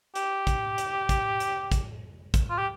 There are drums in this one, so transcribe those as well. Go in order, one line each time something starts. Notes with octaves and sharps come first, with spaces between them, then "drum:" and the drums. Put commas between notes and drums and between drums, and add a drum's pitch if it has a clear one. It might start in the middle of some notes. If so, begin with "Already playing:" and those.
G4, drum: hi-hat
drum: kick, hi-hat
drum: hi-hat
drum: kick, hi-hat
drum: hi-hat
drum: kick, hi-hat
drum: kick, hi-hat
F4
G4